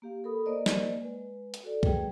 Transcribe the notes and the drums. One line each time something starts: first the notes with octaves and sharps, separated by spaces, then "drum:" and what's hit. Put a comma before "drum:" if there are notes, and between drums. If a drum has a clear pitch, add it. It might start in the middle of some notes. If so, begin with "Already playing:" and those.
A#3 G4 F5
A4 A#4 B5 D#6
A#3 A#4 C5 D5 D#5
drum: snare
G#3 B4
drum: hi-hat
F#4 A4 D5
G3 A3 G#4 B4 G5, drum: kick